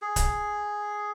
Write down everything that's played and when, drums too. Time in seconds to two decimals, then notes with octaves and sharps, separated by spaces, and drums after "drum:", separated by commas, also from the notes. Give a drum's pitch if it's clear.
0.02 G#4
0.16 drum: kick C#1, hi-hat